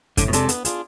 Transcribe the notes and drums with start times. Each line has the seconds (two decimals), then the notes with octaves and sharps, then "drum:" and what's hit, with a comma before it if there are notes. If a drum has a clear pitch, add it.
0.17 A2 D3, drum: kick F2, hi-hat
0.28 B2
0.33 C3 G#3 D4 A4, drum: hi-hat
0.49 B3, drum: hi-hat
0.65 D4 F4 G#4, drum: hi-hat